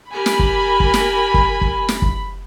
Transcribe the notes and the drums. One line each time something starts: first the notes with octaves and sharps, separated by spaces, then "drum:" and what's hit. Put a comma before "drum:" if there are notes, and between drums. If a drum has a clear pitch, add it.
G4 A#4 G#5 B5
drum: snare
drum: kick
drum: kick
drum: snare
drum: kick
drum: kick
drum: snare
drum: kick